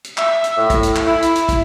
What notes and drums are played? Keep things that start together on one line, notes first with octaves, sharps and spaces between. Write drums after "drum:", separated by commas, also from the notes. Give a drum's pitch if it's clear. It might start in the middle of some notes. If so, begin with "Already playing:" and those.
drum: hi-hat
E5, drum: clap
drum: hi-hat
A2
drum: kick, hi-hat
drum: hi-hat
drum: clap
E4
drum: hi-hat
drum: hi-hat
drum: kick, hi-hat